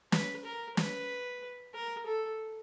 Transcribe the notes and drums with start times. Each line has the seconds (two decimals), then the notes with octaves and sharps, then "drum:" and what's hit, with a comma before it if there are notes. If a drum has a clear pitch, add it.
0.12 B4, drum: snare
0.45 A#4
0.77 B4, drum: snare
1.74 A#4
2.06 A4